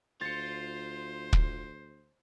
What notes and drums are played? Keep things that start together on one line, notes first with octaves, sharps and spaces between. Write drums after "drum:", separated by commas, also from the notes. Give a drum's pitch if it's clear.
D2 F4 C5 A6 C#7
drum: kick